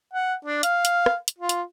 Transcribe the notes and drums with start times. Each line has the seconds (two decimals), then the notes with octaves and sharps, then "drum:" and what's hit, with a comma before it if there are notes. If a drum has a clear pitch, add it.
0.13 F#5
0.45 D4
0.63 F5, drum: hi-hat
0.85 drum: hi-hat
1.06 drum: rim click
1.28 drum: hi-hat
1.38 F4
1.49 drum: hi-hat